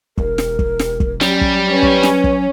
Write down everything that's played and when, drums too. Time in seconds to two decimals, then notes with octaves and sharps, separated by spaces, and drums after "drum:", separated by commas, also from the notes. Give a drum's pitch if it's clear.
0.18 E1 A#4, drum: kick
0.38 drum: snare
0.59 drum: kick
0.79 drum: snare
1.00 drum: kick
1.21 F#3 G3 C#4, drum: snare
1.41 drum: kick
1.70 C#4 B4
1.83 drum: kick
2.03 drum: snare
2.24 drum: kick